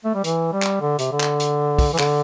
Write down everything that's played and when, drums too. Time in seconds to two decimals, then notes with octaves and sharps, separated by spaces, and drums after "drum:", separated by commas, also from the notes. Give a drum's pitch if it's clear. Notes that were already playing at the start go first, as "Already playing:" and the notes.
0.05 A3
0.14 G3
0.24 E3, drum: hi-hat
0.53 G3
0.62 drum: clap
0.81 D3
0.99 C3, drum: hi-hat
1.11 D3
1.21 drum: clap
1.40 drum: hi-hat
1.79 drum: kick, open hi-hat
1.93 E3
1.98 D3, drum: clap